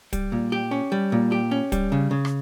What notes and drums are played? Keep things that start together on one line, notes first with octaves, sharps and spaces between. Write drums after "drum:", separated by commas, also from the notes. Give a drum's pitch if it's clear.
G3, drum: kick, hi-hat
A#2
G4
C#4
G3
A#2
G4
C#4
G3, drum: kick, hi-hat
C#3
C#3
drum: rim click